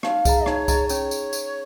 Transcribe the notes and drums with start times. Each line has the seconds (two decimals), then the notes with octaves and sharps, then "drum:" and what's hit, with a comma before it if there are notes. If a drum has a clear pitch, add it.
0.03 D#4 F5, drum: rim click
0.25 G#4 D#5 A#5, drum: kick C2, tambourine
0.46 D#4 C#5, drum: rim click
0.68 G#4 D#5 A#5, drum: kick C2, tambourine
0.89 C#4 C#5, drum: tambourine
1.11 drum: tambourine
1.33 drum: tambourine